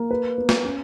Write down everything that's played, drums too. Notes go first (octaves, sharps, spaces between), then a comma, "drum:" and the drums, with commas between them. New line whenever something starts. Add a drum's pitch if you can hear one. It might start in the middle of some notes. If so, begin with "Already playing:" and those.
Already playing: A#3
B4
B3
drum: snare
C#4